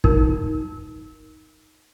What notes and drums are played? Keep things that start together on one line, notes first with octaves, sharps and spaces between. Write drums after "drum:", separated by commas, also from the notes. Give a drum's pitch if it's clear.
D#4 A#4, drum: kick